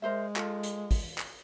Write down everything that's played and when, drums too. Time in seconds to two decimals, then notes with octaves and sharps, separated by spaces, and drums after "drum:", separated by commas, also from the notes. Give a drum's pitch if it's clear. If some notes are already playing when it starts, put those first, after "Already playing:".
0.02 G#3 A#4 C5 E5
0.36 F4 A4, drum: clap
0.63 drum: hi-hat
0.91 drum: kick, open hi-hat
1.18 drum: clap